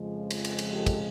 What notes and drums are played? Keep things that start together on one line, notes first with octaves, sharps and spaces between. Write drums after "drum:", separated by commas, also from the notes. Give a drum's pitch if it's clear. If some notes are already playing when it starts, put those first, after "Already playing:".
Already playing: F2 C#3 F3 G#3
drum: cymbal
drum: cymbal
drum: cymbal
G4 A4
drum: kick, cymbal